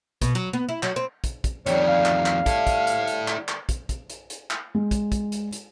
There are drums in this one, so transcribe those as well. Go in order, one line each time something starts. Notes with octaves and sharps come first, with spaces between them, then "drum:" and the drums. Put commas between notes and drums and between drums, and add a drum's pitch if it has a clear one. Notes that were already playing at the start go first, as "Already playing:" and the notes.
B2, drum: kick, hi-hat
F#3
B3
E4
F#3, drum: clap
C4
drum: kick, hi-hat
drum: kick, hi-hat
F2 D3 D#3 G3 C#5, drum: hi-hat
F5
drum: clap
drum: clap
E4 A4, drum: kick, hi-hat
drum: kick, hi-hat
drum: hi-hat
drum: hi-hat
drum: clap
drum: clap
drum: kick, hi-hat
drum: kick, hi-hat
drum: hi-hat
drum: hi-hat
drum: clap
G#3
drum: kick, hi-hat
drum: kick, hi-hat
drum: hi-hat
drum: hi-hat